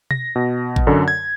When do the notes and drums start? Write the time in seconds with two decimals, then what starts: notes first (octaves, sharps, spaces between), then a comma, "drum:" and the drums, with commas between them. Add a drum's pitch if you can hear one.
0.11 A#6, drum: tom B2
0.36 B2
0.76 drum: kick A1
0.87 F#2 D3
1.08 G#6